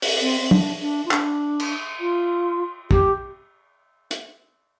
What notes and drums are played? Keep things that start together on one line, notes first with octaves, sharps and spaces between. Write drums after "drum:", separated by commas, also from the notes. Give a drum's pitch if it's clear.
drum: open hi-hat
C4
C4
D4, drum: tom
D4
F4
D4, drum: clap
drum: cymbal
F4
G4, drum: kick
drum: hi-hat